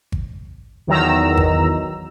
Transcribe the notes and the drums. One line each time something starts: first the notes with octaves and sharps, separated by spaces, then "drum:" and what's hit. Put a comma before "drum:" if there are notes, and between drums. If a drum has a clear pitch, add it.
drum: kick G#1
E2 D#3 F#3 A#5 E6
drum: kick G#1